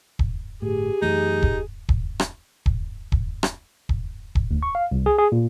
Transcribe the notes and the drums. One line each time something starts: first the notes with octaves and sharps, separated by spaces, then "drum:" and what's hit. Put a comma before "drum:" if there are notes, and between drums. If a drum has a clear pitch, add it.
drum: kick
G1 A2 G4 G#4
F#2 E3 A3 D#4
drum: kick
drum: kick
drum: rim click
drum: kick
drum: kick
drum: rim click
drum: kick
drum: kick
D2
C#6
F5
C2
G#4
G#4
A#2